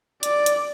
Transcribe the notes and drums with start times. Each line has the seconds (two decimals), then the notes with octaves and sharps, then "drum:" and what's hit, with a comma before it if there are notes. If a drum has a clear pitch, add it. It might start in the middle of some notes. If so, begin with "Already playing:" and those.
0.23 D5, drum: hi-hat
0.46 drum: hi-hat